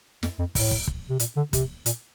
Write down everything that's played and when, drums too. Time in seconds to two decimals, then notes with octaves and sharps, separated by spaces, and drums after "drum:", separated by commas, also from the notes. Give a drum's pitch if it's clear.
0.23 F2, drum: snare
0.39 F2
0.55 A2, drum: kick, open hi-hat
0.71 drum: kick
0.87 drum: kick
1.10 C3
1.19 A#2, drum: hi-hat
1.37 D3
1.53 C3, drum: kick, hi-hat
1.86 A#2, drum: hi-hat